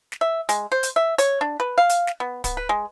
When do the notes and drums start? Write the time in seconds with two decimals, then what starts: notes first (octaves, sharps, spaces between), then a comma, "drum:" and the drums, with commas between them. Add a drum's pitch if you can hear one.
0.12 drum: snare
0.21 E5
0.49 G#3, drum: hi-hat
0.72 C5
0.83 drum: hi-hat
0.96 E5
1.18 C#5, drum: hi-hat
1.41 D4
1.60 B4
1.78 F5
1.89 drum: hi-hat
2.07 drum: snare
2.20 B3
2.44 B3, drum: kick D1, hi-hat
2.57 B4
2.69 G#3